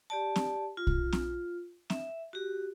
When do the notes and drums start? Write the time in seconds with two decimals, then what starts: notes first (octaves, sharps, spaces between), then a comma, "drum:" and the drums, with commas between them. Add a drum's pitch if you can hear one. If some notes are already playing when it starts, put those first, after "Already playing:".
0.10 G4 D5 A5
0.36 drum: snare
0.77 F4
0.87 drum: kick
1.12 drum: snare
1.90 E5, drum: snare
2.33 F#4 G4